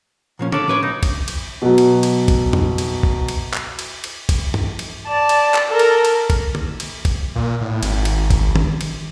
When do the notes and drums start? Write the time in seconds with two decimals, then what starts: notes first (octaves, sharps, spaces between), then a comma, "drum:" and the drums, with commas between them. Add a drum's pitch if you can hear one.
0.39 A#2 F3 C#4
0.52 C#4 D4 A4 D6, drum: tom
0.68 A2 B4 C#5
0.83 B1 D#4
1.03 drum: kick, cymbal
1.28 drum: cymbal
1.62 B2 F#3
1.78 drum: cymbal
2.03 drum: cymbal
2.28 drum: kick, cymbal
2.53 drum: tom F2
2.78 drum: cymbal
3.03 drum: kick
3.29 drum: cymbal
3.54 drum: clap
3.79 drum: cymbal
4.04 drum: cymbal
4.29 drum: kick, cymbal
4.54 drum: tom G2
4.79 drum: cymbal
5.07 D5 A5
5.29 drum: cymbal
5.54 drum: clap
5.68 A4 A#4
5.79 drum: cymbal
6.05 drum: cymbal
6.30 drum: kick, cymbal
6.55 drum: tom
6.80 drum: cymbal
7.05 drum: kick, cymbal
7.36 A#2
7.61 A2
7.83 G#1, drum: cymbal
8.05 drum: cymbal
8.30 drum: kick, cymbal
8.56 drum: tom
8.81 drum: cymbal